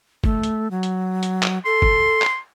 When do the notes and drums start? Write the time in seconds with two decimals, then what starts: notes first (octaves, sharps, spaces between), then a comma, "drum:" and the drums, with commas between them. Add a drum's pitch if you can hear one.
0.24 A3, drum: kick
0.43 drum: hi-hat
0.71 F#3
0.83 drum: hi-hat
1.23 drum: hi-hat
1.43 drum: clap
1.65 A4 C6
1.82 drum: kick
2.22 drum: clap